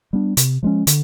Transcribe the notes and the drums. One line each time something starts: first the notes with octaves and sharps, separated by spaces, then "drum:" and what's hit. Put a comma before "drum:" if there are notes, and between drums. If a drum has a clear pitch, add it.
G3 B3 D4
C3, drum: hi-hat
F3 G#3 C#4
D3, drum: hi-hat